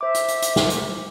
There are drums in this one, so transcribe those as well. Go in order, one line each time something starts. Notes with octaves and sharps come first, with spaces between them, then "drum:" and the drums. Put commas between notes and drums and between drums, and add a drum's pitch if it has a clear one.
C5 E5 D6
drum: hi-hat
drum: hi-hat
drum: hi-hat
drum: snare
drum: hi-hat